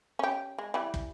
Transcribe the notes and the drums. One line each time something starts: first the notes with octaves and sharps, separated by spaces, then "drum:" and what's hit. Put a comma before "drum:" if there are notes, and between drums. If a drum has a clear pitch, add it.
C#4 G4
G#3
E3 G3
drum: kick